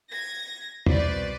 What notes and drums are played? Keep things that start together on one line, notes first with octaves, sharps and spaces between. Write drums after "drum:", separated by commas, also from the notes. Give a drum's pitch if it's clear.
G#6 A#6
C2 B2 B4 C5 D5, drum: tom E2